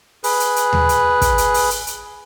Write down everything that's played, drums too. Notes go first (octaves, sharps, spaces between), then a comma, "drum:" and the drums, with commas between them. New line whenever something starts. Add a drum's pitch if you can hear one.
G#4 B4, drum: open hi-hat
drum: hi-hat
drum: hi-hat
drum: tom D#2
drum: hi-hat
drum: kick, hi-hat
drum: hi-hat
drum: open hi-hat
drum: hi-hat
drum: hi-hat